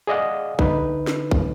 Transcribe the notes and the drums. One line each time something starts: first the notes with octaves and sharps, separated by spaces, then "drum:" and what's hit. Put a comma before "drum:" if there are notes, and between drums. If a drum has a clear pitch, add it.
G#4 D5 D#5 F5 F#5
D3 D#4 B4, drum: kick
drum: snare
drum: kick